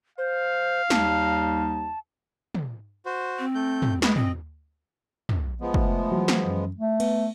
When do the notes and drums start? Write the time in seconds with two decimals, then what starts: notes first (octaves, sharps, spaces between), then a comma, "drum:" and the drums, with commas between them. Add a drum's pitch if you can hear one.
0.18 C5 F5
0.90 D#2 G3 D#4 A5, drum: snare
2.55 drum: tom
3.06 F#4 C5
3.39 C4
3.55 A3 G6
3.82 drum: tom
4.02 G#3 G#4 B4 G#5, drum: snare
4.16 C4 D#5, drum: tom
5.29 drum: tom
5.61 F3 G#3 B3
5.74 A3, drum: kick
6.12 E3 F#3
6.28 drum: snare
6.43 F#2
6.76 A3
7.00 B3, drum: cymbal